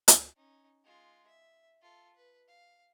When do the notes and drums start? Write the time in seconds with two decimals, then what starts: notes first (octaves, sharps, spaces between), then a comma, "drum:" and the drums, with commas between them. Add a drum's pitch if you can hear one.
0.08 drum: hi-hat
0.37 C#4 D#4
0.84 G#3 F4
1.27 E5
1.82 F4 A4
2.15 B4
2.48 F5